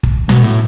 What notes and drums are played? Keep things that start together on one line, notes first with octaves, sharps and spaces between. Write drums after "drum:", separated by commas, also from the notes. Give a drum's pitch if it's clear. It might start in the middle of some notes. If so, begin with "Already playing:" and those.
drum: kick
B2, drum: snare
A2